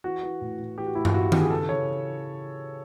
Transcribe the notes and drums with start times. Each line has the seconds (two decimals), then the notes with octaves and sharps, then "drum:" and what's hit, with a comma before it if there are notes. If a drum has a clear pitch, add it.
0.04 E3 F#4
0.23 E3
0.41 A2
0.59 A2
0.78 E3 G4
0.87 F#4
0.95 A2 E4
1.05 F4, drum: tom G2
1.14 A2 F#4
1.32 E3 G4, drum: tom D#3
1.41 G#4
1.50 C#3 A4
1.69 C#3 C#5